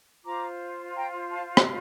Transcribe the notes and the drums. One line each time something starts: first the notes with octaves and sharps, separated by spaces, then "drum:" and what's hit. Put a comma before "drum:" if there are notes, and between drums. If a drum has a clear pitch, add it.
F4 C5 A#5 D6
G5 A#5
F5 A5
drum: rim click